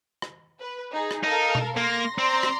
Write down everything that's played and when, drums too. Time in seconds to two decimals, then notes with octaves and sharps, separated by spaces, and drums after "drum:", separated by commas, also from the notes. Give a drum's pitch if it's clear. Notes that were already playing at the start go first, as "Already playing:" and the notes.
0.22 drum: rim click
0.60 B4
0.93 D#4 G#4
1.11 drum: rim click
1.24 D#4 A4 A#4 F5
1.55 drum: tom B2
1.77 A#3 C6 A#6
2.18 C4 D5 A#5 C6
2.43 drum: rim click